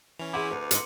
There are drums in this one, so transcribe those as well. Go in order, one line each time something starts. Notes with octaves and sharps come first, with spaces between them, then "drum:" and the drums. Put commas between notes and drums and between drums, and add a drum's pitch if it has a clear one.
E3 C#4 F7
E4 G#4 F#5 C6 D6 D#7
D2 B4
G#2 D#5 C6 F#6 C#7, drum: hi-hat